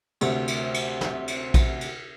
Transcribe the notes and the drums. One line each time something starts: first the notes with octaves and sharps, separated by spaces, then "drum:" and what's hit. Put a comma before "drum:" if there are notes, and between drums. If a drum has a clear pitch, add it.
D2 C3, drum: cymbal
drum: cymbal
drum: cymbal
drum: snare
drum: cymbal
drum: kick A#1, cymbal
drum: cymbal